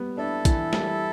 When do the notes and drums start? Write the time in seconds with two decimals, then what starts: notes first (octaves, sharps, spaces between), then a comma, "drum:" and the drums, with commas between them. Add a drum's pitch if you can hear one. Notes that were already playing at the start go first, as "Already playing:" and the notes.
Already playing: G3 B3
0.17 D4 E4 A4
0.45 E3, drum: kick, hi-hat
0.73 G3, drum: snare